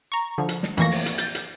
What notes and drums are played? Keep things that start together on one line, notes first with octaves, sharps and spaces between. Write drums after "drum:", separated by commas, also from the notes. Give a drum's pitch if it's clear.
A#5 C#6
D3 F3
drum: hi-hat
drum: snare
F2 A2 E3 A#3 C#6 A#6, drum: hi-hat
drum: open hi-hat
drum: hi-hat
G6 A6, drum: hi-hat
drum: hi-hat